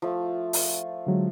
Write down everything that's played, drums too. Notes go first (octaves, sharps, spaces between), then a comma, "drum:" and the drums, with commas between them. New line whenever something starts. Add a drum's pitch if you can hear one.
F3 A3
drum: open hi-hat
D3 F#3 G#3